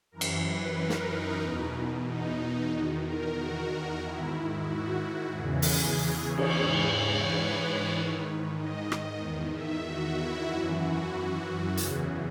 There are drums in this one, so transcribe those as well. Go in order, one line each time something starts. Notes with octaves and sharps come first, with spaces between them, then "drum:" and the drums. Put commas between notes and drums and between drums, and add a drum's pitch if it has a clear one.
F#2 E3 A#4
drum: cymbal
B4
A#4
drum: snare
D#4
E2 B2
D#4
E2 D#3 F#4
A#4
F#4
G#2 D#3 E4
F#4
E2 C#3 E3 G#4
G#4, drum: open hi-hat
C#5
drum: cymbal
G#2 E3 B4
C#5
B4
C#5
G#2 D#3
D#5
drum: rim click
E2 D#3
E5
F#4
E4
F#2 E3 F#4
F#4
F#4
E2 C#3 E3 G#4, drum: hi-hat